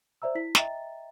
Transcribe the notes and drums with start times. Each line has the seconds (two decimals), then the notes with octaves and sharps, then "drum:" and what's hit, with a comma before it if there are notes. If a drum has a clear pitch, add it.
0.22 C5 D5 E5 A#5 E6
0.35 E4 B6
0.55 D#5 E5 G5 A#5 A6, drum: snare